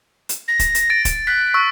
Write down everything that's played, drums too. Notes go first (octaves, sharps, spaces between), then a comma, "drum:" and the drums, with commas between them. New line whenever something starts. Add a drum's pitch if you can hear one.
drum: hi-hat
A#6
drum: kick, hi-hat
drum: hi-hat
A6 D7
drum: kick, hi-hat
F#6 B6
C#6 E6